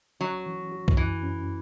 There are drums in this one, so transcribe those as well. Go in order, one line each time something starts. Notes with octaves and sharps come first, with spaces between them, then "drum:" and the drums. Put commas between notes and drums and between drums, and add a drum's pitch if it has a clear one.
F#3 C#4
E3
F#4
drum: kick
F#2 E3
C#4